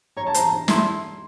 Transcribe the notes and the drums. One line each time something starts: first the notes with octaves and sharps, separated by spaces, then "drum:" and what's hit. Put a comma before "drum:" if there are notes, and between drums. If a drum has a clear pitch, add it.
C#5 A#5
A5
C5 A#5, drum: hi-hat
E4 C6, drum: snare